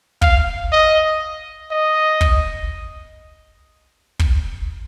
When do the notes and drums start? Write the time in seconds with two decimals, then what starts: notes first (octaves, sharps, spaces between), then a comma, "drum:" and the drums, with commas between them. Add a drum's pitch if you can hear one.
0.22 F5, drum: kick
0.72 D#5
1.71 D#5
2.21 drum: kick
4.19 drum: kick